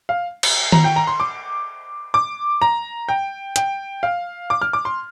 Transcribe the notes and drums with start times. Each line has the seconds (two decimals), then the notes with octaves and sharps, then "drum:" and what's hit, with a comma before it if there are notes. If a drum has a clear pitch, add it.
0.09 F5
0.43 drum: cymbal
0.72 A#5, drum: tom D#3
0.84 G5
0.96 A#5
1.07 C6
1.20 D6
2.14 D6
2.62 A#5
3.09 G5
3.56 G5, drum: hi-hat
4.03 F5
4.50 D6
4.62 F6
4.73 D6
4.85 C6